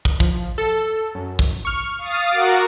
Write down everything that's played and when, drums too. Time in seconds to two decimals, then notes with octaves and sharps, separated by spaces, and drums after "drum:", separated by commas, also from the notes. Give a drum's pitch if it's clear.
0.05 drum: kick
0.20 F3, drum: kick
0.58 A4
1.15 F#2
1.39 drum: kick
1.65 C#6 F6
1.98 F5 D#6 A6
2.31 F#4 A#4 D6